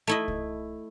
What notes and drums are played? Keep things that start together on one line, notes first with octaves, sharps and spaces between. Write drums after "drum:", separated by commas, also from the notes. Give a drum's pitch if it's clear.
A3 E4 D#5
drum: kick C2